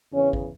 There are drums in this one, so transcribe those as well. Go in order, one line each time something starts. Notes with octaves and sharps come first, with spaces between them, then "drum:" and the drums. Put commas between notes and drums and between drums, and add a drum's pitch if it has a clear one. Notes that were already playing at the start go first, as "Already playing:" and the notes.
E2 C#3 E3 C#4
drum: kick G#1